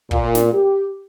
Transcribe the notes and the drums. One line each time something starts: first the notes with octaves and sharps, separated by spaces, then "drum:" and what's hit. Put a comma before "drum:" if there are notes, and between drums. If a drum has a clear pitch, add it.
A#2, drum: kick
drum: snare
G4